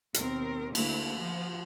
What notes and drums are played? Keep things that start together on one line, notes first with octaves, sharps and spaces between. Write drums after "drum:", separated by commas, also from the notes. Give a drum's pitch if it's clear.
D#2 B2 C4 A#4, drum: hi-hat
D2 D3 A3 A#3 E4, drum: cymbal
F3